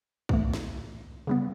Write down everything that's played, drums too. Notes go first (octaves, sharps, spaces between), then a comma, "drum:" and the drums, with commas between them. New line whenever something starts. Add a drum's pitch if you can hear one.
A2 E3 A3, drum: kick B1
drum: snare
C#3 G3 B3